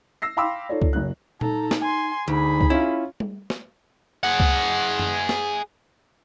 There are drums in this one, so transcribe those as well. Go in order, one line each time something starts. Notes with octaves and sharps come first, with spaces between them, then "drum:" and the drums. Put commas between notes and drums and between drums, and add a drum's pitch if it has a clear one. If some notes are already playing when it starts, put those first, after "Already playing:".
E6 A#6 C7
F5 G5 B5 C6 D6 E6
D#4 F4 A4 C#5 D5
drum: kick C#2
F#1 F#3 F#6
D#4 A4 A#5, drum: tom A#2
drum: snare
G#5 C6
D2 D#4 G#4 B5
drum: kick C#2
C#4 E4 F4
drum: tom G3
drum: snare
G#4 F#5
drum: kick C#2
drum: tom F#2
drum: snare